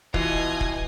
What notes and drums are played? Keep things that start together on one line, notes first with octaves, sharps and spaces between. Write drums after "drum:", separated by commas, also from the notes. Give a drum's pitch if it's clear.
B2 E3 F4 D#5 G#5, drum: kick
drum: kick